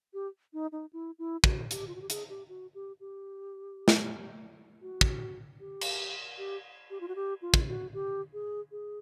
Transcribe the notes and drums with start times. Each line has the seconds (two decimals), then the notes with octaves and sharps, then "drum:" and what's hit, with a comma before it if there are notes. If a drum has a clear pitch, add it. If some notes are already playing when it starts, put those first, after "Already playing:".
0.14 G4
0.53 D#4
0.72 D#4
0.93 E4
1.19 E4
1.44 F#4, drum: kick
1.71 G4, drum: hi-hat
1.88 F4
1.95 F#4
2.01 G4
2.10 G#4, drum: hi-hat
2.29 G4
2.48 F#4
2.74 G4
3.00 G4
3.88 drum: snare
4.82 F#4
5.01 drum: kick
5.60 G4
5.81 drum: cymbal
6.38 G4
6.90 G4
7.00 F4
7.08 F#4
7.16 G4
7.42 F4
7.54 drum: kick
7.69 F#4
7.94 G4
8.33 G#4
8.71 G#4